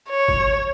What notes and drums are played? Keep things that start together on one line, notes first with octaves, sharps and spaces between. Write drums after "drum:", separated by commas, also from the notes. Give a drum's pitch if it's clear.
C#5
drum: kick G#1